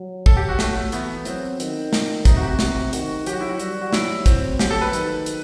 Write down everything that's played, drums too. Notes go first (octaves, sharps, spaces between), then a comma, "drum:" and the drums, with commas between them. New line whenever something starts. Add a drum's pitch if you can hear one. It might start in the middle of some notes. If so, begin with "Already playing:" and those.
Already playing: F#3
A4, drum: kick
G4
F#4
F#3 A3, drum: snare
A3
E3 B3, drum: hi-hat
F#3 C4, drum: hi-hat
D#3, drum: hi-hat
drum: snare
C3 D#4, drum: kick, hi-hat
F#4
G4
F#4
F#4, drum: snare
D#3 F#4, drum: hi-hat
F#3 G4, drum: hi-hat
F#4
E4
F#4
G3, drum: hi-hat
F#4
F#3 E4, drum: snare
C4, drum: kick, hi-hat
F#3 G4, drum: snare
A4
B4
D#3, drum: hi-hat
drum: hi-hat